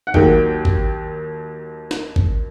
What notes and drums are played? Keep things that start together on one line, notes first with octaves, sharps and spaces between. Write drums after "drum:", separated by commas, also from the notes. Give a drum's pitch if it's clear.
F#5
D#2 D#3 F#3 A#3 G5, drum: kick G#1
drum: kick G#1
drum: snare
drum: kick G#1